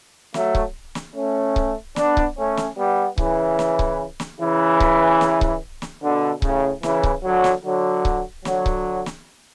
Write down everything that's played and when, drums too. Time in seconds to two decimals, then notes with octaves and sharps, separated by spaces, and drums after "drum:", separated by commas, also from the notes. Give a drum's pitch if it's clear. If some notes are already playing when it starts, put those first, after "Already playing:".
0.34 F#3 A3, drum: snare
0.55 drum: kick C#1
0.95 drum: snare
1.15 A3 C#4
1.56 drum: kick C#1
1.96 B3 D4, drum: snare
2.17 drum: kick C#1
2.37 A3 C#4
2.57 drum: snare
2.77 G3 B3
3.18 C#3 E3, drum: kick C#1
3.59 drum: snare
3.79 drum: kick C#1
4.20 drum: snare
4.40 C#3 E3
4.80 drum: kick C#1
5.21 drum: snare
5.41 drum: kick C#1
5.82 drum: snare
6.03 B2 D3
6.42 A2 C#3, drum: kick C#1
6.83 C#3 E3, drum: snare
7.03 drum: kick C#1
7.24 D3 F#3
7.44 drum: snare
7.64 D3 F#3
8.05 drum: kick C#1
8.45 D3 F#3, drum: snare
8.66 drum: kick C#1
9.06 drum: snare